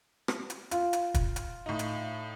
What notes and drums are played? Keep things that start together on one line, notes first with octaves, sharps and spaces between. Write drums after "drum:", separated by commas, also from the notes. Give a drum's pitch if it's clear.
drum: rim click
drum: hi-hat
F4, drum: hi-hat
drum: hi-hat
drum: kick, hi-hat
drum: hi-hat
A2 D#4
drum: hi-hat